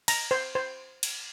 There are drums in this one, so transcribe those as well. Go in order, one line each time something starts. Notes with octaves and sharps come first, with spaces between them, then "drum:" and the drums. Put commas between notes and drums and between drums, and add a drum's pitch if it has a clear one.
A#5, drum: cymbal
C5
C5
drum: cymbal